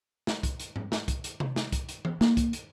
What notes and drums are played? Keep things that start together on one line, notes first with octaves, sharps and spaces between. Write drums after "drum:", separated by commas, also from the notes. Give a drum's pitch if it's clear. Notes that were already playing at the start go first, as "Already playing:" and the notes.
drum: snare
drum: kick, hi-hat
drum: hi-hat
drum: tom G#2
drum: snare
drum: kick, hi-hat
drum: hi-hat
drum: tom C3
drum: snare
drum: kick, hi-hat
drum: hi-hat
drum: tom
A#3, drum: snare
drum: kick, hi-hat
drum: hi-hat